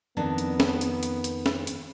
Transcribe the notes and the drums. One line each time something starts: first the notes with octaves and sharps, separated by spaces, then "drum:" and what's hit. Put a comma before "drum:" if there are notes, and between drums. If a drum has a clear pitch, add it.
F2 D#3 B3 D4
drum: hi-hat
drum: snare C#4
drum: hi-hat
drum: hi-hat
drum: hi-hat
drum: snare C#4
drum: hi-hat